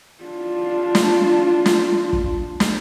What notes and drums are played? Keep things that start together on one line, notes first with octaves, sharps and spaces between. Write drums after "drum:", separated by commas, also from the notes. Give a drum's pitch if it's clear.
D4 F4
drum: snare
drum: snare
drum: kick
drum: snare